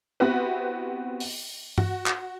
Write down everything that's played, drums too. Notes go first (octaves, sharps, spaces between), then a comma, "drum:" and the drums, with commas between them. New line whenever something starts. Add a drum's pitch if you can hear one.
B3 C4 E4 F#4 G4 B4
drum: open hi-hat
F#4, drum: tom G2
drum: clap